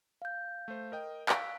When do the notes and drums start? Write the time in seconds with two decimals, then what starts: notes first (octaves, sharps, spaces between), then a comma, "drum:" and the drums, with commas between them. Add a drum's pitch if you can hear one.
0.22 F5 G6
0.68 A3 C5
0.92 A#4 D#5 G5
1.29 F5 C#6 E6 F#6 B6 D7, drum: clap